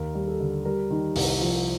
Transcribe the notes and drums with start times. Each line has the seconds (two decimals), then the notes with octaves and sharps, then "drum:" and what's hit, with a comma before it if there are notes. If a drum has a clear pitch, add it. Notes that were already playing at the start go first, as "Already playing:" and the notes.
Already playing: D#2 A#4
0.15 G3
0.28 A4
0.40 D3
0.65 G3 A#4
0.90 D#3
1.16 C2, drum: open hi-hat
1.41 F3